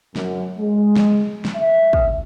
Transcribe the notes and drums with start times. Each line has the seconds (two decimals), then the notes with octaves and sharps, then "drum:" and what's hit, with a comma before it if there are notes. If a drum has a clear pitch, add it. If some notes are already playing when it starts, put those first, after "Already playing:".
0.16 F#2, drum: snare
0.59 G#3
0.96 drum: snare
1.45 drum: snare
1.56 E5
1.93 drum: kick